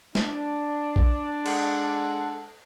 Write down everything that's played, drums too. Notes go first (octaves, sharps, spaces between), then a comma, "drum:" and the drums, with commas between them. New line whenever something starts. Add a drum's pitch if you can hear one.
D4, drum: snare
drum: kick A#1
G#3 A4 F#5, drum: cymbal